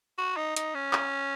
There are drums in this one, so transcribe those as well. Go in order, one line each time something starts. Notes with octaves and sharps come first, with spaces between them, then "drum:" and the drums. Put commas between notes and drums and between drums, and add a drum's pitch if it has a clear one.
F#4
D#4
D#4, drum: hi-hat
C#4
drum: clap